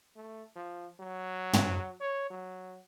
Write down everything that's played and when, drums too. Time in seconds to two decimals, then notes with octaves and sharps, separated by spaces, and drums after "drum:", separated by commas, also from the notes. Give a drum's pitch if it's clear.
0.16 A3
0.56 F3
1.00 F#3
1.53 drum: tom
2.01 C#5
2.30 F#3